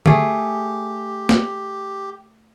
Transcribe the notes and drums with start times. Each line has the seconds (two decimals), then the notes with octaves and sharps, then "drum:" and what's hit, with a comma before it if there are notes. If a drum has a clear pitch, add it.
0.06 A3 G4 G#4, drum: tom D3
1.29 drum: snare